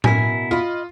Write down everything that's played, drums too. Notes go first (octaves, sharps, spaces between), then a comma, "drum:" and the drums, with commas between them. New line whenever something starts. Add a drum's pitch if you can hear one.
B2 E4 A#4 G#5, drum: tom A2
F4 D#5 B5